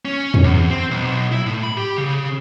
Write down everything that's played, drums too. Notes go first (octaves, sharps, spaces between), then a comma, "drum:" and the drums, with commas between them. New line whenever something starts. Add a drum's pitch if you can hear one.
C#4
drum: tom E2
E2
C4
B1
E4
A2
B5
G4
C#3